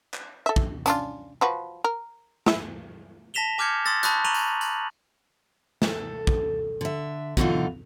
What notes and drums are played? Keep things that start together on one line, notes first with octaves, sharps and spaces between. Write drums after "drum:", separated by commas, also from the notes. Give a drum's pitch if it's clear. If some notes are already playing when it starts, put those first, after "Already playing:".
drum: clap
A4 E5
drum: kick
C#4 D4 F4, drum: hi-hat
F3 F#4 B4
A#4
E4 E5, drum: snare
A5 A#6 B6 E7 F7 G7
G#5 D6 F6 G6 G#6 C#7
C6 D#6 E6 A6 A#6
A5 B5 C#6 D#6 F#6 G6, drum: hi-hat
A#5 C#6 D#7 F7 F#7
drum: tambourine
F#7, drum: tambourine
A4, drum: snare
drum: kick
D3 E5
B2 D3 E3 F#3 D#4 F4, drum: kick